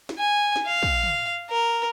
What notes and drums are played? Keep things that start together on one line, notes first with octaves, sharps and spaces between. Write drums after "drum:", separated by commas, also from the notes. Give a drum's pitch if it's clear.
drum: snare
G#5
drum: snare
F5
drum: kick
drum: tom
A#4